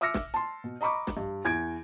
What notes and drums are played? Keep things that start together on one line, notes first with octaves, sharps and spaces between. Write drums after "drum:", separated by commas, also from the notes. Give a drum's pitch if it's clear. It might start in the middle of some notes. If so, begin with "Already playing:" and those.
E5 D6 E6 F6 A#6 C#7
drum: snare
A5 C6
B2
D#5 A#5 B5 C#6 D6
drum: snare
G2
E2 G#6 D7